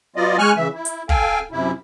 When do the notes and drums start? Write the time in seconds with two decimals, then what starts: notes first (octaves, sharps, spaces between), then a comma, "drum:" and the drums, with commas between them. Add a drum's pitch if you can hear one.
0.16 F#3 B3 F4 D5 D#5
0.38 G#3 G#5 C#6 F6 F#6
0.57 C#3 E3 E5
0.75 E4
0.85 drum: hi-hat
1.09 A4 F5 G5 G#5, drum: kick
1.52 F#2 C3 E4